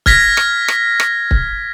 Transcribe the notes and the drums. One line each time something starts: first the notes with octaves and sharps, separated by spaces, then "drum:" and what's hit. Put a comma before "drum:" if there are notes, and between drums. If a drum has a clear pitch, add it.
F6 G#6 A#6 B6, drum: kick C#1
drum: rim click
drum: rim click
drum: rim click
drum: kick C#1